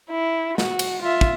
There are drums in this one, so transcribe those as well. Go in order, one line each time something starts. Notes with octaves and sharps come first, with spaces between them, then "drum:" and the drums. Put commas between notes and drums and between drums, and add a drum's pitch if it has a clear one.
E4
F#4, drum: snare
drum: cymbal
F4 E5
drum: kick